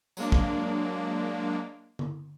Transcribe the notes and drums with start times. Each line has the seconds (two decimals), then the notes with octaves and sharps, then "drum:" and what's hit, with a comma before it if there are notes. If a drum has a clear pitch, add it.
0.17 F#3 G#3 A#3 D4, drum: tambourine
0.32 drum: kick
1.99 drum: tom D3